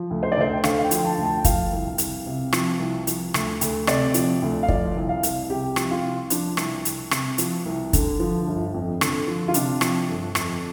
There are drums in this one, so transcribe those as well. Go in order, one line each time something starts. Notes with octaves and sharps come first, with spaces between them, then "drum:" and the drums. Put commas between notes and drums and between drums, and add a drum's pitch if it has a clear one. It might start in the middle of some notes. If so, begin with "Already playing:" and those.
Already playing: F3
D2
C5
D5
D2 C5
G5
D3 F5, drum: rim click
F5
G5
F3, drum: hi-hat
G5
A5
D2
A5
G5
F3 F5, drum: kick, hi-hat
C2
C2, drum: hi-hat
C3
F3, drum: rim click
C2
F3, drum: hi-hat
D2, drum: rim click
D2, drum: hi-hat
C3 D5, drum: rim click
F3, drum: hi-hat
D2
F5
F3 D5, drum: kick
C2
F5
C2, drum: hi-hat
C3 G4
F3, drum: rim click
F4
C2
F3 D4, drum: hi-hat
C2, drum: rim click
C2, drum: hi-hat
C3, drum: rim click
F3, drum: hi-hat
C2
D3, drum: kick, hi-hat
F3
G1
F2
D3, drum: rim click
F3
F4
C3 D4, drum: hi-hat
F3, drum: rim click
G1
F2, drum: rim click